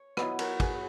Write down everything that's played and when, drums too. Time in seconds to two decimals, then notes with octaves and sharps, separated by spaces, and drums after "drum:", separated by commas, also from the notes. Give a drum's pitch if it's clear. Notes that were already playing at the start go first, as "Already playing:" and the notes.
Already playing: C#5
0.17 F#3 B3 E4 B4 D#5, drum: rim click
0.39 A#4 C#5, drum: cymbal
0.60 G#4 B4, drum: kick, cymbal